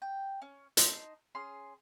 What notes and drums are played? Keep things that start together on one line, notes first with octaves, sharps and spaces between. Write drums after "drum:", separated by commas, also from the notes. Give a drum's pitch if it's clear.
G5
C#4
D#4 D#5 A5 C6, drum: hi-hat
C#4 G#4 C6